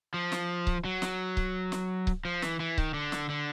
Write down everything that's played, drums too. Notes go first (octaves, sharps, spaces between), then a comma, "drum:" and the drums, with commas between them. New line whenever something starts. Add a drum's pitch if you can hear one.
F3
drum: snare
drum: kick C#1
F#3
drum: snare
drum: kick C#1
drum: snare
drum: kick C#1
F3
E3, drum: snare
E3
D#3, drum: kick C#1
D3
drum: snare
D3